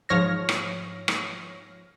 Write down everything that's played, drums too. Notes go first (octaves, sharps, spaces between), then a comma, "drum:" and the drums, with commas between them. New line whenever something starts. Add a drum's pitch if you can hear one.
G#2 F3 C#5 F6 A#6
drum: rim click
drum: rim click